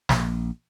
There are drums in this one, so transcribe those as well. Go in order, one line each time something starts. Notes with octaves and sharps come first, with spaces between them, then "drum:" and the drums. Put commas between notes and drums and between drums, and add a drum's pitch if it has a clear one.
A#1, drum: snare